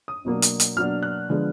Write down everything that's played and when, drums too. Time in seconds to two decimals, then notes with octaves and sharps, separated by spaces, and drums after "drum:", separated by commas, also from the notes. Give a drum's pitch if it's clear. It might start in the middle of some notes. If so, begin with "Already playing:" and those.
0.08 D#6
0.25 B2 F#3 A#3 D4
0.42 drum: hi-hat
0.60 drum: hi-hat
0.76 B2 F#3 A#3 D4 F6
1.03 F#6
1.29 D3 F3 G#3 B3